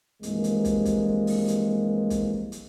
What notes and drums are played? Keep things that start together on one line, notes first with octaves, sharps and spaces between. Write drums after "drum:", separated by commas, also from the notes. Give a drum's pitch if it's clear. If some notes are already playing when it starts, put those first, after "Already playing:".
C2 G2 E3 F3 G#3 A#3, drum: hi-hat
drum: hi-hat
drum: kick, hi-hat
drum: kick, hi-hat
drum: open hi-hat
drum: hi-hat
drum: kick, hi-hat
drum: hi-hat